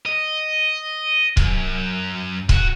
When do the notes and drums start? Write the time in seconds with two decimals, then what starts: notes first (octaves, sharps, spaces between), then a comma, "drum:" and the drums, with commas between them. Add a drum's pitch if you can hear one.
0.06 D#5
1.37 F#2, drum: kick
2.49 C#2 F#4, drum: kick